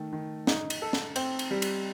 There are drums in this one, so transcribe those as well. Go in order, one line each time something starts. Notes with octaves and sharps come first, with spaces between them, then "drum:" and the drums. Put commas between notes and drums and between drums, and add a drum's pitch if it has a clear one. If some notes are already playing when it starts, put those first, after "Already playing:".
Already playing: D#3 A3
D#3
D#4, drum: snare
drum: cymbal
A4
drum: snare
C4, drum: cymbal
drum: cymbal
G3
drum: cymbal